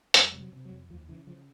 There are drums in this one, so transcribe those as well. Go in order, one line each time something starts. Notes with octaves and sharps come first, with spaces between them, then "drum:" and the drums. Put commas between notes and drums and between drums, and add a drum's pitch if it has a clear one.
F2 G3, drum: hi-hat
C3 G3
F#3
C3
F#3
F2
D#2 F3
C#3 E3
C#3 F3